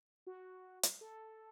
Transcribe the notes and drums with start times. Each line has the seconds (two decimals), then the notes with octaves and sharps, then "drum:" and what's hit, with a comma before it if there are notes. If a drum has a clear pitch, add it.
0.27 F#4
0.83 drum: hi-hat
1.01 A4